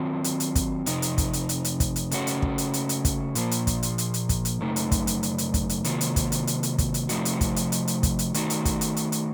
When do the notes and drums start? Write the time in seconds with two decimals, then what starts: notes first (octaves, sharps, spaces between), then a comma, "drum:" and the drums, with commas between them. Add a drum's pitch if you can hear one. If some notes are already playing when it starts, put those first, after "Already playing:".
Already playing: D#3 F#3 C4 F4
0.24 drum: hi-hat
0.40 drum: hi-hat
0.55 drum: kick, hi-hat
0.86 F2 C3 D#4, drum: hi-hat
1.02 drum: hi-hat
1.18 drum: kick, hi-hat
1.33 drum: hi-hat
1.49 drum: hi-hat
1.65 drum: hi-hat
1.80 drum: kick, hi-hat
1.96 drum: hi-hat
2.11 C#3 A3 C#4 F#4, drum: hi-hat
2.27 drum: hi-hat
2.42 drum: kick
2.58 drum: hi-hat
2.74 drum: hi-hat
2.89 drum: hi-hat
3.05 drum: kick, hi-hat
3.35 A#2 F3 A#3, drum: hi-hat
3.51 drum: hi-hat
3.67 drum: kick, hi-hat
3.83 drum: hi-hat
3.98 drum: hi-hat
4.14 drum: hi-hat
4.29 drum: kick, hi-hat
4.45 drum: hi-hat
4.61 F#2 C#3 A3 D#4
4.76 drum: hi-hat
4.92 drum: kick, hi-hat
5.07 drum: hi-hat
5.23 drum: hi-hat
5.38 drum: hi-hat
5.54 drum: kick, hi-hat
5.69 drum: hi-hat
5.84 C3 D#3 F#3 A#3 F4, drum: hi-hat
6.01 drum: hi-hat
6.16 drum: kick, hi-hat
6.32 drum: hi-hat
6.47 drum: hi-hat
6.63 drum: hi-hat
6.78 drum: kick, hi-hat
6.94 drum: hi-hat
7.09 C3 F3 A3 D#4 F#4, drum: hi-hat
7.25 drum: hi-hat
7.41 drum: kick, hi-hat
7.56 drum: hi-hat
7.72 drum: hi-hat
7.88 drum: hi-hat
8.03 drum: kick, hi-hat
8.19 drum: hi-hat
8.34 D#3 A3 D#4 F#4, drum: hi-hat
8.50 drum: hi-hat
8.65 drum: kick, hi-hat
8.81 drum: hi-hat
8.97 drum: hi-hat
9.12 drum: hi-hat